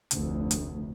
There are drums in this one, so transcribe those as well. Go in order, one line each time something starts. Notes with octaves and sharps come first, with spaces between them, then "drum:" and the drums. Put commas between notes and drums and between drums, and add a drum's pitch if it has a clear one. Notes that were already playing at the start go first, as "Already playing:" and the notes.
F1 D2, drum: hi-hat
drum: hi-hat